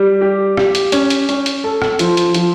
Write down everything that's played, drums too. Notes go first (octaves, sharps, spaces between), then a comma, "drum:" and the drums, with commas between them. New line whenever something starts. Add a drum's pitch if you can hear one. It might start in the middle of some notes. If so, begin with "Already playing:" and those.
Already playing: G3
G4
G4, drum: rim click
drum: hi-hat
C#4, drum: hi-hat
drum: hi-hat
C#4, drum: hi-hat
drum: hi-hat
A4
drum: rim click
F3, drum: hi-hat
drum: hi-hat
F3, drum: hi-hat